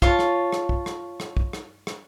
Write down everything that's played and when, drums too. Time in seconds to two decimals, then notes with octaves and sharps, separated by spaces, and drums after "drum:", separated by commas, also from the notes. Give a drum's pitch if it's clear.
0.02 F4 C#5 A5, drum: kick
0.19 drum: rim click
0.53 drum: rim click
0.69 drum: kick
0.86 drum: rim click
1.20 drum: rim click
1.37 drum: kick
1.53 drum: rim click
1.87 drum: rim click